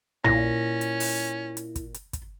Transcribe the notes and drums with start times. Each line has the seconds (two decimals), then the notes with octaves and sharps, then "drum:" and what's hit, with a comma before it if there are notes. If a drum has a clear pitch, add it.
0.24 A#2 C#4 E4 A#6, drum: tom
0.81 drum: hi-hat
1.00 drum: open hi-hat
1.57 drum: hi-hat
1.76 drum: kick, hi-hat
1.94 drum: hi-hat
2.13 drum: kick, hi-hat